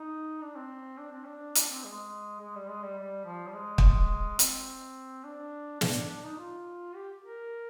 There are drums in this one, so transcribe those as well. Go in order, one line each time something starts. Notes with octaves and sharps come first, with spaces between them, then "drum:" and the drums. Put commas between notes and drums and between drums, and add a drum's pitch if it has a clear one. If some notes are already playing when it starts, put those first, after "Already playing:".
Already playing: D#4
D4
C4
D4
C4
D4
D4, drum: hi-hat
C4
G#3
G#3
G3
G#3
G3
G3
F3
G3
G#3
drum: kick
C4, drum: hi-hat
D4
D4, drum: snare
D4
D#4
F4
G4
A#4